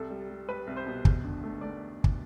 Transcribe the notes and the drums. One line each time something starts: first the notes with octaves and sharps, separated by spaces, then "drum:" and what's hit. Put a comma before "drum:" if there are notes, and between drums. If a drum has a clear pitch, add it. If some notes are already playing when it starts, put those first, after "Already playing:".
Already playing: C2 A4
G3
G3
G3 B4
C2
C5
B2
E2, drum: kick
D3
A3
A3 D5
drum: kick